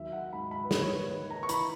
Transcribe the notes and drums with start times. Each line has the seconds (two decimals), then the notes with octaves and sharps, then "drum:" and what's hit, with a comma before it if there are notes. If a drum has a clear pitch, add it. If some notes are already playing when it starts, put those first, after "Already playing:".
Already playing: D#2 F#3 E5
0.12 F#5
0.33 G#2 B5
0.51 B5
0.64 B4
0.71 A#3 C#5, drum: snare
0.82 C#5
0.91 B4
1.10 D#3 B4
1.30 A#5
1.43 C#6
1.49 E3 B5, drum: hi-hat